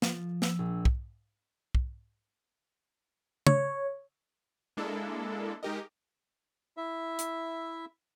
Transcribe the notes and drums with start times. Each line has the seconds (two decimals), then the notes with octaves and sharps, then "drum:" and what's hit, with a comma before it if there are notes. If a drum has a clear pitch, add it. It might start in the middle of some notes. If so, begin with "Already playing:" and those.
0.02 F3, drum: snare
0.42 E6, drum: snare
0.59 A#1
0.85 drum: kick
1.75 drum: kick
3.47 C#5, drum: tom
4.77 G#3 A#3 D4 E4 A4
5.63 G#3 D#4 G4 A#4 D#5
6.77 E4 E5
7.19 drum: hi-hat